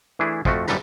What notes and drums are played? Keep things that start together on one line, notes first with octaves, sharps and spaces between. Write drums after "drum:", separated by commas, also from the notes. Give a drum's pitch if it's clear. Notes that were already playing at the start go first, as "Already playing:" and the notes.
E3 A3 D4 E4 G#4
F2 F3 A3 F#4, drum: kick
G1 F#2 G3 A4 B4 A#5, drum: snare